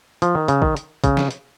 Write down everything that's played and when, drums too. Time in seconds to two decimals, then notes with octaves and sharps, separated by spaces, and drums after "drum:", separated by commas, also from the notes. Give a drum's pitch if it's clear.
0.22 F3, drum: hi-hat
0.35 D#3
0.48 C#3, drum: hi-hat
0.62 D#3, drum: kick
0.77 drum: hi-hat
1.04 C#3, drum: kick, hi-hat
1.17 drum: snare
1.31 drum: hi-hat